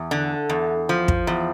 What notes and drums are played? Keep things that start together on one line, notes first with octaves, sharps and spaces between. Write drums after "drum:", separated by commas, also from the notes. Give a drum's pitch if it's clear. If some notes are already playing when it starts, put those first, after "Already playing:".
Already playing: E2
D3
E2
F3
drum: kick
E2